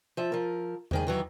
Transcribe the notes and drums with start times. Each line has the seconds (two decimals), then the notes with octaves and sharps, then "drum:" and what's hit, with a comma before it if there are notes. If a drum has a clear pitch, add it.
0.17 F3 E5
0.32 F3 A#4
0.91 G#2 D#3 G#4, drum: tom E2
1.07 D#3 E3 F#3